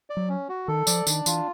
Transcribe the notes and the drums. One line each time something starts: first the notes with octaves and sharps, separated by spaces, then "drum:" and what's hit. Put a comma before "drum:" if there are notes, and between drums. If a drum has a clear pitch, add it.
D5
F#3
C#4
F#4
D#3 A4
F3 D5, drum: tambourine
D#3 D4, drum: tambourine
E3 F4, drum: tambourine